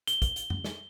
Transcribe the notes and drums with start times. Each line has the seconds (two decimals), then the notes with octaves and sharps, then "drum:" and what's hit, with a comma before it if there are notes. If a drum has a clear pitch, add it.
0.08 G7, drum: hi-hat
0.22 drum: kick, hi-hat
0.36 drum: hi-hat
0.50 drum: tom F2
0.64 drum: snare